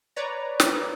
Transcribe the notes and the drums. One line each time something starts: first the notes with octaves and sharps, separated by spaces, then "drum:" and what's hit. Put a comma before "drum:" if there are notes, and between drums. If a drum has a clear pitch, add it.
B4 C#5 D5 A#5
drum: snare